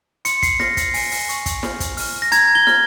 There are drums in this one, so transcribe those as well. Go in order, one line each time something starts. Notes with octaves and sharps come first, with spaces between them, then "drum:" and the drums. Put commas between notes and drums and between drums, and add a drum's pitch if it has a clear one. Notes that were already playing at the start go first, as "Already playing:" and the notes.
C6 C#7, drum: hi-hat
C7, drum: kick, hi-hat
F6 A#6, drum: snare
C7, drum: kick, hi-hat
G#5, drum: open hi-hat
drum: open hi-hat
C#6, drum: hi-hat
drum: kick, hi-hat
F6, drum: snare
drum: kick, hi-hat
F6, drum: open hi-hat
A#6
A#5 G#6, drum: hi-hat
G7
F6, drum: snare